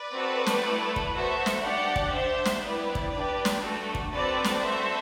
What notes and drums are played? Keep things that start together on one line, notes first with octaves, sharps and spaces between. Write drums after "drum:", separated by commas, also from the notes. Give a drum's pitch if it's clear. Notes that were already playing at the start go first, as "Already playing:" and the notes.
Already playing: B4 D5
C4 F#4 A4
drum: snare
A3 E4 A4
drum: kick
B3 F#4 A4 C5 E5
drum: snare
D4 G4 D5 F#5
drum: kick
D4 G4 C5 E5
drum: snare
B3 E4 G4 B4 D5
drum: kick
D4 G4 B4 D5
drum: snare
A3 D4 F#4 A4
drum: kick
C4 F#4 A4 B4 D5
drum: snare
C4 F#4 A4 C5 E5